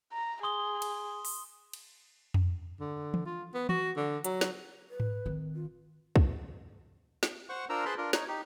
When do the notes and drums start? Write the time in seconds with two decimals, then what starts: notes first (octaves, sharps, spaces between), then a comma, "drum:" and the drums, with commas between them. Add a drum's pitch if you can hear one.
0.12 A#5
0.43 G#4 C6 D#6 G7
0.82 drum: cymbal
1.25 drum: open hi-hat
1.73 drum: cymbal
2.34 drum: tom F2
2.80 D3
3.14 drum: tom E3
3.26 F4
3.54 B3
3.69 F#4, drum: tom E3
3.97 D3
4.24 F#3, drum: hi-hat
4.41 drum: snare
4.90 B4
5.00 drum: tom G#2
5.25 D#3 C4
5.55 F4
6.16 drum: kick
7.23 drum: snare
7.49 C5 F#5 C#6
7.69 D4 F4 A#4 C5 A#5 E6
7.85 G#4 B4 C5 A5 B5 C6
7.98 D4 F4 A#4
8.13 D#4 C#5, drum: snare
8.28 D#4 G4